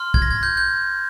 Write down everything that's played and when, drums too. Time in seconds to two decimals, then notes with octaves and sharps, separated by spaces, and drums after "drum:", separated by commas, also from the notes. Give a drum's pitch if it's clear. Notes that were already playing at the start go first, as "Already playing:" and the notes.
Already playing: C6 F6
0.14 G#6, drum: kick B1
0.22 A#6
0.31 G#6
0.43 G6
0.57 G6